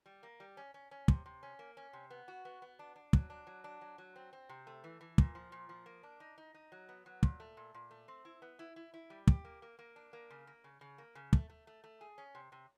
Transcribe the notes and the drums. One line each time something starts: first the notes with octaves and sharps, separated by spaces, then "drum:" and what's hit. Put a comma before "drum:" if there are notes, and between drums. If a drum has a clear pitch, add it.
G3
A#3
G3
C#4
C#4
C#4
C3, drum: kick
C3
C#4
A#3
C#4
C3
B3
F#4
B3
B3
D4
D4
F#3, drum: kick
D4
F#3
D4
F#3
F#3
C4
C4
C3
A3
E3
E3
A#2, drum: kick
F3
A#2
F3
A#3
D4
D#4
D#4
D#4
F#3
B3
F#3
A#2, drum: kick
A3
A#2
A#2
A3
C4
E4
B3
E4
E4
E4
G3
G4, drum: kick
A#3
A#3
A#3
D4
A#3
C#3
A#3
C#3
C#3
A#3
C#3
A3, drum: kick
A3
A3
A3
G#4
C#4
C3
C3